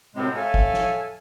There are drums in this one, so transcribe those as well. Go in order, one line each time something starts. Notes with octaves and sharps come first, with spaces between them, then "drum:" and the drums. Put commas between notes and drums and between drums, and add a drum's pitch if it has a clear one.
F#2 A2 C3 G#3 C4
A4 C#5 E5 F5 G#5
drum: kick
drum: snare